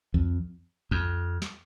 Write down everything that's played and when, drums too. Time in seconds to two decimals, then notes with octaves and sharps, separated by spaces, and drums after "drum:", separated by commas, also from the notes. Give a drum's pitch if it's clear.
0.14 F2, drum: kick B1
0.91 F2, drum: kick B1
1.42 drum: snare